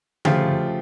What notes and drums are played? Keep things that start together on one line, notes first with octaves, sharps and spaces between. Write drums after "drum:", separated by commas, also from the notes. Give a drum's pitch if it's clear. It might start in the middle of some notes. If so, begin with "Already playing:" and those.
C#3 F3 A3 F4 G4, drum: tom D3